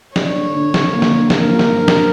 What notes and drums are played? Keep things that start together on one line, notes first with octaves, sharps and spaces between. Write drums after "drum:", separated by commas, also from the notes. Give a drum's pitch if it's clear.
D4 C#5, drum: snare
D3
D3
D3, drum: snare
A#3
drum: snare
D3
A#3 A#4, drum: snare
F3
drum: snare
G2
drum: snare